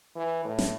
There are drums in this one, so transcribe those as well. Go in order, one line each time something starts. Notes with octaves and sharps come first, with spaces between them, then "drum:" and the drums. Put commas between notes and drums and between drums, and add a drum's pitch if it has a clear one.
E3
A2
drum: snare